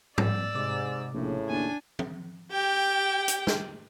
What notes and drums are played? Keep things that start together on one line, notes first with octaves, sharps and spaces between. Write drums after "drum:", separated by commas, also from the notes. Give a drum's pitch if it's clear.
F3 D5 E6, drum: tom G#2
G#2 C3 D6
A#1 A2 C#3
D#2 D4 G#5
drum: tom
G4 G5
drum: hi-hat
drum: snare